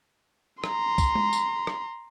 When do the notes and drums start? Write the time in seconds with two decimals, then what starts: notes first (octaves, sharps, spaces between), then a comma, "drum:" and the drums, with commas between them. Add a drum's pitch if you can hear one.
0.64 A#5 C6, drum: rim click
0.98 drum: kick, tambourine
1.15 drum: tom G#3
1.33 drum: tambourine
1.67 drum: rim click